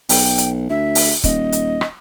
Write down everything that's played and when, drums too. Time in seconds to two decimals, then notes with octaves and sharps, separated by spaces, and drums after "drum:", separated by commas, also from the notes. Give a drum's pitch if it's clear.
0.09 B1 G5, drum: open hi-hat
0.38 drum: hi-hat
0.70 D2 E5
0.95 drum: open hi-hat
1.24 D#1 D#5, drum: kick, hi-hat
1.52 drum: hi-hat
1.81 drum: rim click